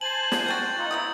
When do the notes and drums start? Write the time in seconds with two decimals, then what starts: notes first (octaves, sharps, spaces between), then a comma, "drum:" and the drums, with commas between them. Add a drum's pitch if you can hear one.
0.01 C5 G#5 A5 F#7
0.32 F#5, drum: snare
0.46 F3 C4 F#4 G6 A6
0.78 D#4 F4
0.91 C#3 F#3 B3 E4 D#6